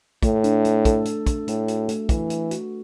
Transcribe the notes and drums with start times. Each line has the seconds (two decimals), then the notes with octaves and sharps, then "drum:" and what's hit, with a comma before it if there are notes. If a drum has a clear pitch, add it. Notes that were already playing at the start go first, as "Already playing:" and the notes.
0.23 A2 A3, drum: kick, hi-hat
0.44 D4, drum: hi-hat
0.65 A3, drum: hi-hat
0.85 A4, drum: kick, hi-hat
1.05 A3, drum: hi-hat
1.27 D4, drum: kick, hi-hat
1.48 A2 A3, drum: hi-hat
1.68 F#4, drum: hi-hat
1.89 A3, drum: hi-hat
2.09 E3 B4, drum: kick, hi-hat
2.30 A3, drum: hi-hat
2.51 F#4, drum: hi-hat